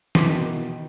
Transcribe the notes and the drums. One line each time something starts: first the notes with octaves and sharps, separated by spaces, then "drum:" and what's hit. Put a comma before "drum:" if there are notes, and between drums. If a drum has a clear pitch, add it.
E3 C6 D6 B6, drum: snare
B2 D#3